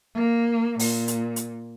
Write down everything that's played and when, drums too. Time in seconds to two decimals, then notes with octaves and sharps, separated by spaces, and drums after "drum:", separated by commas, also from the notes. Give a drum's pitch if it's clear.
0.15 A#3
0.79 A#2, drum: open hi-hat
1.08 drum: hi-hat
1.36 drum: hi-hat